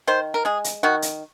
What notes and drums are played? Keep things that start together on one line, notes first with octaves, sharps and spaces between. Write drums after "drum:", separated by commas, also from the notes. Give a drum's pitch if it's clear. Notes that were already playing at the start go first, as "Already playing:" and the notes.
D#3 C5
A#4
G#3 G#4
drum: hi-hat
D#3 F#4
drum: hi-hat